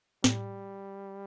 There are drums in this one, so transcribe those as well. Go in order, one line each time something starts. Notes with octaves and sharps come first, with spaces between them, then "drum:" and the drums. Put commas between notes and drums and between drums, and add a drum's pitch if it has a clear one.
A2 G3, drum: snare